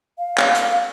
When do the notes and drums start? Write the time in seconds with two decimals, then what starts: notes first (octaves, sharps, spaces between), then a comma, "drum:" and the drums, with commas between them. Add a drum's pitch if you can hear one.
0.18 F5
0.38 drum: clap
0.55 drum: hi-hat